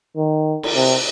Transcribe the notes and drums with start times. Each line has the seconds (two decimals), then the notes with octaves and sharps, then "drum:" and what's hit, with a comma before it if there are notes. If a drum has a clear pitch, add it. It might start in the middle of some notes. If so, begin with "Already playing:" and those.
0.17 D#3
0.63 drum: cymbal
0.75 C3